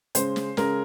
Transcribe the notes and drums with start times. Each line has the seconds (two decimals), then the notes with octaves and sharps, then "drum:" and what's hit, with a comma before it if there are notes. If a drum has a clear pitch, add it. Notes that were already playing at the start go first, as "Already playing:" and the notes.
0.15 C#3 G#3 C5, drum: hi-hat
0.36 drum: snare
0.57 C#3 G#3 A#4, drum: snare